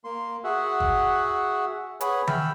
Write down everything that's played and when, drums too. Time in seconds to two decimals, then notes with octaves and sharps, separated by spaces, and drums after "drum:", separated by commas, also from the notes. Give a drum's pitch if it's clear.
0.04 A#3 C6
0.44 F#4 G#4 E5 F#5
0.80 drum: kick G1
2.01 G#4 B4 C#5 F#5 G#5 B5, drum: hi-hat
2.27 E5 G5 B5 E6 F6, drum: tom D#3